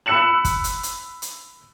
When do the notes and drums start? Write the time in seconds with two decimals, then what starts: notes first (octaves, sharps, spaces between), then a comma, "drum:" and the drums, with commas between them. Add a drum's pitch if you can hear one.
0.06 B5 E6 F#6 C#7 E7 F#7
0.45 drum: kick, hi-hat
0.64 drum: hi-hat
0.83 drum: hi-hat
1.22 drum: hi-hat